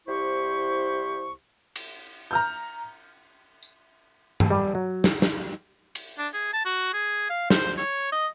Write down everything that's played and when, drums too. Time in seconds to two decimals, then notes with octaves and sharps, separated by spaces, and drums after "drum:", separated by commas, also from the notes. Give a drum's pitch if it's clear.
0.07 C2 E4 G4 C5 C#6
1.76 drum: cymbal
2.31 A#5 F6 G6
3.63 drum: tambourine
4.40 drum: tom G2
4.50 G3
4.75 F#3
5.04 drum: snare
5.22 drum: snare
5.95 drum: cymbal
6.18 D4
6.34 G#4
6.53 A5
6.65 F#4
6.93 G#4
7.30 F5
7.50 C5, drum: snare
7.78 C#5
8.12 D#5